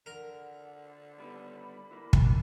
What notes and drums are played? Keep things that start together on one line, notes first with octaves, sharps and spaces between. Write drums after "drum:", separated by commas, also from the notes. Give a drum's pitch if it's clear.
D3 A#4 F#5
D#2 G3 B3 B5
E3 A#3
drum: kick